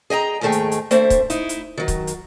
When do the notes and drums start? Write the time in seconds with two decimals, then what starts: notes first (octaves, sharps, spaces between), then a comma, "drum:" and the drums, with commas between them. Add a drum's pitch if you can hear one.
0.10 G#4 D#5 G5 A#5
0.41 D#2 G#2 D#3 A3 G#4 G5
0.52 drum: hi-hat
0.72 drum: hi-hat
0.91 A3 C4 D4 C5 E5, drum: hi-hat
1.10 drum: kick, hi-hat
1.30 D#4 E4, drum: hi-hat
1.49 drum: hi-hat
1.77 D#3 F#3
1.88 drum: kick, hi-hat
2.07 drum: hi-hat